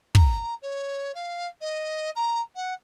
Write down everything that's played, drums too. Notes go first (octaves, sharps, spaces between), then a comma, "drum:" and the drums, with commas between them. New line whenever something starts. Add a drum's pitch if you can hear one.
A#5, drum: kick
C#5
F5
D#5
A#5
F#5